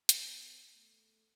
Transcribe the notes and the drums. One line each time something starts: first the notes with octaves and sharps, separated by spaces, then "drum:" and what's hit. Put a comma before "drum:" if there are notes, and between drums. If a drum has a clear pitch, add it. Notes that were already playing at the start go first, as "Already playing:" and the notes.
B3, drum: hi-hat
A3